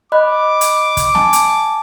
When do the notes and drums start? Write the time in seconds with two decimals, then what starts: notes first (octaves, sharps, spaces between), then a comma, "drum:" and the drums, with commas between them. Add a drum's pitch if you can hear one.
0.12 D#5 B5 D6 F#6
0.61 drum: hi-hat
0.97 drum: kick, hi-hat
1.15 G#5 A5, drum: snare
1.33 drum: hi-hat